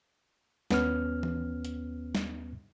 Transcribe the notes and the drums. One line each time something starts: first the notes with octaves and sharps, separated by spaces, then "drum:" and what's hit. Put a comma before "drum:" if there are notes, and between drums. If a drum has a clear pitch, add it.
D#2 B3 C#4 F6, drum: snare
drum: tom E3
drum: hi-hat
drum: snare